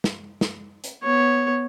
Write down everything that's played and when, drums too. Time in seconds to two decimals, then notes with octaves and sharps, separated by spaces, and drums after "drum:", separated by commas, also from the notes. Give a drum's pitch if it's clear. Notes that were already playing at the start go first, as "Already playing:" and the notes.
0.04 drum: snare
0.41 drum: snare
0.84 drum: hi-hat
1.03 B3 C#5